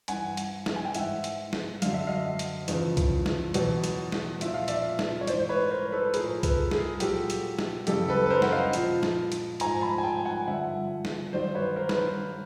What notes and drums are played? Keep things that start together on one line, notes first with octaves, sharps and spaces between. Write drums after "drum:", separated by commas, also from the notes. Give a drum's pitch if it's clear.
G2 E3 F#5 G#5, drum: hi-hat
drum: hi-hat
drum: snare
G#5
G5
G#2 E3 E5 F#5, drum: hi-hat
drum: hi-hat
drum: snare
F#2 D3 F#3 F5, drum: hi-hat
E5
D#5 F5
drum: hi-hat
E2 C#3 F3, drum: hi-hat
drum: kick C2, hi-hat
drum: snare
E2 B2 F#3, drum: hi-hat
drum: hi-hat
drum: snare
A#2 F3 E5, drum: hi-hat
F5
D5 E5, drum: hi-hat
drum: snare
C#5
G#2 E3 C5 D5, drum: hi-hat
C5
B4 C#5
A#4 C5
A4 B4
B4
A2 F3 G#4 A#4, drum: hi-hat
A4 B4, drum: kick C2, hi-hat
G#4 A#4, drum: snare
A#2 F#3 G4 A4, drum: hi-hat
drum: hi-hat
drum: snare
F#2 C#3 E3 G4 A4, drum: hi-hat
A4 B4
B4
A#4 C5
F#5, drum: snare
D#5 F5
A#2 F3, drum: hi-hat
drum: snare
drum: hi-hat
G#2 F3 G#5 A#5, drum: hi-hat
A5 B5
G#5
G5 A5
F#5 G#5
G2 D3 F3 E5 F#5
drum: snare
G2 D#3 F#3 C5 D5
B4 C#5
A#4 C5
B4, drum: snare